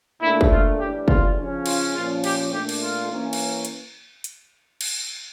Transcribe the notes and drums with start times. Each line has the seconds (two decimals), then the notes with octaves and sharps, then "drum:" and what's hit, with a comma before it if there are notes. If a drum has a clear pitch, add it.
0.20 A#2 A3 D4 E4
0.41 drum: kick
0.50 F4
0.79 A2 E3 G3 D4 G4
1.08 F4, drum: kick
1.37 C#3 F3 C#4
1.66 F4, drum: cymbal
1.95 A#2 F3 C#4 F4
2.24 G4, drum: cymbal
2.52 A#2 A3 D4 G4
2.69 drum: cymbal
2.81 F4
3.10 E3 A#3 C#4
3.33 drum: cymbal
3.65 drum: hi-hat
4.24 drum: hi-hat
4.81 drum: cymbal